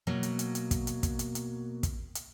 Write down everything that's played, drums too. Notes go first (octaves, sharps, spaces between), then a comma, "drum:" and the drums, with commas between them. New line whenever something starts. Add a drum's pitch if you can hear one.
B2 F#3 A#3
drum: hi-hat
drum: hi-hat
drum: hi-hat
drum: kick, hi-hat
drum: hi-hat
drum: kick, hi-hat
drum: hi-hat
drum: hi-hat
drum: kick, hi-hat
drum: hi-hat